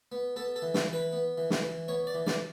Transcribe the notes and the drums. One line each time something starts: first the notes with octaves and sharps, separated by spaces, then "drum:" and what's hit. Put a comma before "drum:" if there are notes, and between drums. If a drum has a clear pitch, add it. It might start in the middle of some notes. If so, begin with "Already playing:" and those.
B3
B3 A4
A4
E3
A4, drum: snare
E3
B4
B3
E3
drum: snare
E3
B3 C#5
D5
E3
D5, drum: snare